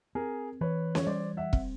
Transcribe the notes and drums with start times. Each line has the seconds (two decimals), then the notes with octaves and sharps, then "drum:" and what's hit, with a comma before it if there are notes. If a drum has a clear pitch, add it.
0.15 C4 G#4 A#4
0.61 E3 B4 C#5
0.95 C#5, drum: snare C#4
1.06 G3 C5 D5
1.37 E5 F#5
1.53 C4, drum: kick